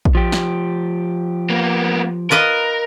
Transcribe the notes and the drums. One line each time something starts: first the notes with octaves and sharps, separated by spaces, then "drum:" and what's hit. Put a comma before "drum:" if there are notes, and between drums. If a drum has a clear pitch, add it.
drum: kick A#1
F3 G4
drum: snare
A#3 B3
F4 A#4 B4 D#5